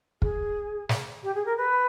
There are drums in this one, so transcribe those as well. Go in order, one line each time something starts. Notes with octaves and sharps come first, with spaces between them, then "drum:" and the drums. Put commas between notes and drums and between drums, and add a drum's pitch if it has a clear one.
G#4, drum: kick
drum: snare
G4
G#4
A#4
B4